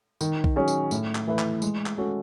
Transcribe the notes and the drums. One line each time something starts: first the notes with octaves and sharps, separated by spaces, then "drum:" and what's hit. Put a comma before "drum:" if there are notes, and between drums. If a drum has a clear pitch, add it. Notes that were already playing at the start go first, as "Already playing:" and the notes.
D#3, drum: tambourine
drum: kick B1
F#3 C#4 G#4
drum: tambourine
A2, drum: tambourine
drum: clap
E3 A3 E4 B4
drum: clap
G#3, drum: tambourine
drum: clap
C#4 F#4 A4